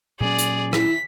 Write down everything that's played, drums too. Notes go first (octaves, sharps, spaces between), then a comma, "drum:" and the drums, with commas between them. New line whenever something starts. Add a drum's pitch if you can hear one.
A#2 F#3 C#4 G#4 D5
drum: hi-hat
E4 B6, drum: rim click